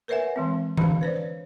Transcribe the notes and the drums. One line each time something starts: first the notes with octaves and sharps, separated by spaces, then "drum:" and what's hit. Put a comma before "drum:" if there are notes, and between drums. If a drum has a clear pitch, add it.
A#4 B4 C#5 E5 F#5 G#5
E3 G#3 C4
D4 F5, drum: tom E3
B4 C5 D5
C#5